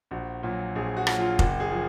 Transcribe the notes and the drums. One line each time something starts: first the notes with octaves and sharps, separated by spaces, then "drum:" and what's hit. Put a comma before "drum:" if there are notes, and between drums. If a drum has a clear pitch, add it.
A#1 F#4
A#2 F#3
A#1 G#4
F#4
A#2 F#3, drum: rim click
F4
F#1 F#4, drum: kick
G#4
F3